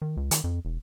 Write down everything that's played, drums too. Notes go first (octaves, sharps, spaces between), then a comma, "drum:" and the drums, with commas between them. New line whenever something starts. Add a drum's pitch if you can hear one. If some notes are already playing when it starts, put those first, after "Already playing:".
D#3
C#2
D#3, drum: hi-hat
F2
E1